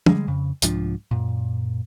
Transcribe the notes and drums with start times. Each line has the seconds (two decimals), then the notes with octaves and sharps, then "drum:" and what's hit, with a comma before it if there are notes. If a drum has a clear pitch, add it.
0.06 D3 G3 G#3, drum: tom
0.27 F2 C#3
0.62 C2 G#2 F3 D4, drum: hi-hat
1.11 F#2 A#2